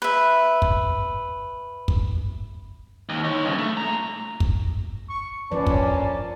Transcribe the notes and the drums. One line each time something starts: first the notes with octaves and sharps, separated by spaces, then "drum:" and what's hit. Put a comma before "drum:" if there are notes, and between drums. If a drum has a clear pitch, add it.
B4 E5
drum: kick
drum: kick
D#2
D#4 C#5
G2 C#3
A3
A#2 A#5
drum: kick
C#6
A#2 F3 C#4 B4 D5 A5
drum: kick